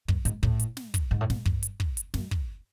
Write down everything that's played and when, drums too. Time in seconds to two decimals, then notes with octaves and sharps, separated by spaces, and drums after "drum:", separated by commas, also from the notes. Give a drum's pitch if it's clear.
0.08 G2, drum: kick
0.25 G#2, drum: hi-hat
0.43 A2, drum: kick
0.59 drum: hi-hat
0.77 drum: snare
0.94 drum: kick, hi-hat
1.11 G#2
1.21 A2
1.30 G#2, drum: snare
1.45 G2, drum: kick
1.63 drum: hi-hat
1.80 drum: kick
1.97 drum: hi-hat
2.14 F#2, drum: snare
2.31 drum: kick